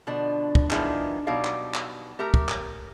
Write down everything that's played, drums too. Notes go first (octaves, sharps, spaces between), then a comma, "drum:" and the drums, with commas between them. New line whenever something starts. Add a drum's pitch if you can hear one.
B2 D3 F3 D4
drum: kick
D#3 F3 G#3 B3 D4 E4, drum: clap
B2 F#3 G3 D#4 D5 F5
drum: clap
drum: clap
A3 G4 A#4 A#5
drum: kick
drum: clap